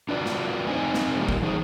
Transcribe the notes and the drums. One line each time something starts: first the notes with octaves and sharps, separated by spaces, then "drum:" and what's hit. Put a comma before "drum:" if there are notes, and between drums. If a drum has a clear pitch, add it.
D4 F4 F#4 B4 D5
drum: snare
F2 A3 C4 D#4 C5 G#5
drum: snare
A#2 D#3 G3
drum: kick
E3 D#4 G#4 C5